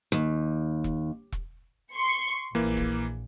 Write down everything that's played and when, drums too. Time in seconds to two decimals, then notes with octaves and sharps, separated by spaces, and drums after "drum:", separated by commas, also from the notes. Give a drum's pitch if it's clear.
0.12 D#2
0.84 drum: kick E1
1.32 drum: kick E1
1.92 C6 C#6 C#7
2.55 A#1 E3 A#3
2.77 drum: kick E1